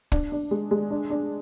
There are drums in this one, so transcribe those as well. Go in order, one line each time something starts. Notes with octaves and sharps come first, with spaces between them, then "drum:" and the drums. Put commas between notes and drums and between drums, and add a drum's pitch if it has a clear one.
D4, drum: kick
D4
G#3
G#3
D4
D4